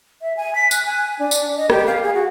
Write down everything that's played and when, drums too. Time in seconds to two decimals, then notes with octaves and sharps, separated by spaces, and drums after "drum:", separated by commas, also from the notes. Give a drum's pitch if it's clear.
0.22 E5
0.37 G#5
0.55 B6
0.71 F#6, drum: tambourine
0.86 G#5
1.19 D4
1.31 drum: tambourine
1.57 D#5
1.70 G4, drum: rim click
1.86 F5
2.03 G#4
2.14 F#4